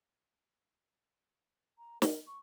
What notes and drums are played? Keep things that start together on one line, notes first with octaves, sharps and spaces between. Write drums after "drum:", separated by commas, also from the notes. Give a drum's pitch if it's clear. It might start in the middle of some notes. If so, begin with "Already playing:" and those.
A#5
A#4, drum: snare
C#6